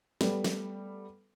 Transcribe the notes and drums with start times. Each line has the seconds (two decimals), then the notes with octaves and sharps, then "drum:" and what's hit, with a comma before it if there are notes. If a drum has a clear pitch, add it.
0.21 G3 A3 B3 A4 B4, drum: snare
0.44 drum: snare